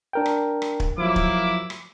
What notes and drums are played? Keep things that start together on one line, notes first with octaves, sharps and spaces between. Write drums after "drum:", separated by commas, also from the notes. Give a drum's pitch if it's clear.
D4 A#4 G5
drum: rim click
drum: rim click
drum: kick
F3 F#3 A#3 E4 D6
drum: kick
drum: rim click